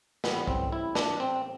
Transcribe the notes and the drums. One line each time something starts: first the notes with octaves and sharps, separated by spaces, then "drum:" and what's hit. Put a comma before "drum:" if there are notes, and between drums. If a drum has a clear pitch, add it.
A1 A2 G3 B3, drum: snare
C4, drum: kick
E4
D4, drum: snare
C4